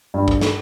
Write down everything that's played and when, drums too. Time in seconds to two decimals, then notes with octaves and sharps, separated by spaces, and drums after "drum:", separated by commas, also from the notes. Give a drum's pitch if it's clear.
0.14 G2
0.28 drum: kick
0.41 drum: snare